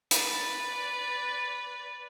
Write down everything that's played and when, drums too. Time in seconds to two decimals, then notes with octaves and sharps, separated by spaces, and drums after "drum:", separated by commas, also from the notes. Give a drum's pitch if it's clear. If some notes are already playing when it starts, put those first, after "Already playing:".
0.11 B4 D5, drum: hi-hat